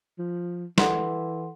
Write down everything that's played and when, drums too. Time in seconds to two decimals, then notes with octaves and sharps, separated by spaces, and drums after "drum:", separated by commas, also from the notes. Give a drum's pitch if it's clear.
0.19 F3
0.78 E3 A4 F#5 C6, drum: snare